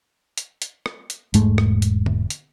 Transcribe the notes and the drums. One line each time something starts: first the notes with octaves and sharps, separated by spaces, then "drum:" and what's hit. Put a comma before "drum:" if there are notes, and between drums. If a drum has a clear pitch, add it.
drum: hi-hat
drum: hi-hat
drum: rim click
drum: hi-hat
E1 G#2 G#3 A3, drum: hi-hat
drum: rim click
drum: hi-hat
drum: tom D3
drum: hi-hat